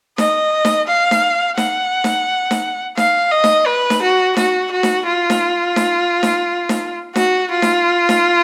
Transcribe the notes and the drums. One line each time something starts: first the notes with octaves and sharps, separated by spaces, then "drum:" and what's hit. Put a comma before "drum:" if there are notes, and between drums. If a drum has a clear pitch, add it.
D#5, drum: snare D#4
drum: snare D#4
F5
drum: snare D#4
F#5, drum: snare D#4
drum: snare D#4
drum: snare D#4
F5, drum: snare D#4
D#5
drum: snare D#4
B4
drum: snare D#4
F#4
F#4, drum: snare D#4
F#4
drum: snare D#4
F4
drum: snare D#4
drum: snare D#4
drum: snare D#4
drum: snare D#4
F#4, drum: snare D#4
F4
drum: snare D#4
drum: snare D#4